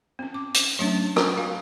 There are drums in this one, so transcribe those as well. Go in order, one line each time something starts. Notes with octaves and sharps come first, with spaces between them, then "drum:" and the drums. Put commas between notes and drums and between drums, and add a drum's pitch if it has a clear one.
C4 C#4
D6
drum: hi-hat
F#3 A3 C#4 D4
A#5 C#6, drum: rim click
F5